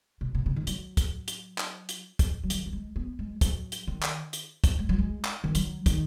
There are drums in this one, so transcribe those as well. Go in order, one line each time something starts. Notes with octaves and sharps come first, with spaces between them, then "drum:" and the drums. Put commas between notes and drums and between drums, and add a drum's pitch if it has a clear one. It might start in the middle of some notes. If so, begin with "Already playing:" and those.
B2
B2
C#3
D#3
F#3, drum: hi-hat
drum: kick, hi-hat
drum: hi-hat
drum: clap
drum: hi-hat
drum: kick, hi-hat
F#3
D#3, drum: hi-hat
F#3
G#3
B3
G#3
F#3, drum: kick, hi-hat
drum: hi-hat
D#3
drum: clap
drum: hi-hat
drum: kick, hi-hat
G#3
F#3
G#3
drum: clap
D#3
F#3, drum: hi-hat
D#3, drum: kick, hi-hat